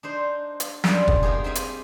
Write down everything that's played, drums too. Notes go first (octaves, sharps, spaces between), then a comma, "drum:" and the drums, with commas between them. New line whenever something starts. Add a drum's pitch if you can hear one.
D4 D#4 C5
drum: hi-hat
F#2 G3 A#3 D4 E4 F4, drum: snare
drum: kick
A#3 B3 D#4 G4 G#4
C4 D#4 E5 G#5
drum: hi-hat